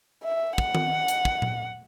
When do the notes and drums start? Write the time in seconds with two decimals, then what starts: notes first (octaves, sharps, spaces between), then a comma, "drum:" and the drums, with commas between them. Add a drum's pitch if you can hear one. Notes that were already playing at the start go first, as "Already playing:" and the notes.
0.24 E5
0.58 F#5, drum: kick
0.75 drum: tom
1.08 drum: hi-hat
1.25 drum: kick
1.42 drum: tom A#2